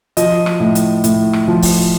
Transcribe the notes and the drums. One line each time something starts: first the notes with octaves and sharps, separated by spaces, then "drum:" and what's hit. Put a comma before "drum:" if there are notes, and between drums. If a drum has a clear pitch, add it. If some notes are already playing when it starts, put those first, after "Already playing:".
F3 D#5, drum: hi-hat
drum: rim click
A2
drum: hi-hat
A2, drum: hi-hat
drum: rim click
F3
drum: kick C#1, open hi-hat